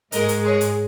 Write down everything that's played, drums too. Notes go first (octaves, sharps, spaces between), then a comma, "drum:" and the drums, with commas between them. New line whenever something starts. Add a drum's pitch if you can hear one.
G#2 G#3 A#4 D#5, drum: hi-hat
drum: hi-hat
G#4 C#5
drum: hi-hat